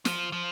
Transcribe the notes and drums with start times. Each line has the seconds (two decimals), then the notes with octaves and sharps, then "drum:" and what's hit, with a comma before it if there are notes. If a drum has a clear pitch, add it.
0.05 F3, drum: snare
0.32 F3